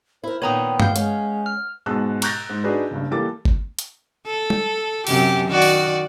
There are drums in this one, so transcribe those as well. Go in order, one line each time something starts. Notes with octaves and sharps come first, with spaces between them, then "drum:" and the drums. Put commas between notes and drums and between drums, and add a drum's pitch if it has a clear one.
E4 A#4 C5
A#2 D#3 B3 C#5 G5 A#5 D#6
F5 G6, drum: tom G2
G#3 C#4, drum: hi-hat
F6
G#2 B2 G#4 A5 E6 F#6
A#5 C#6 F#6 G6 A6 A#6, drum: cymbal
G#2
D4 D#4 F#4 G#4 B4
F#1 G2
E3 G3 A#3 A4 D6 A6
drum: kick G1
drum: hi-hat
A4
drum: tom
F#2 C3 G4, drum: open hi-hat
D#3 F#4 D5
drum: open hi-hat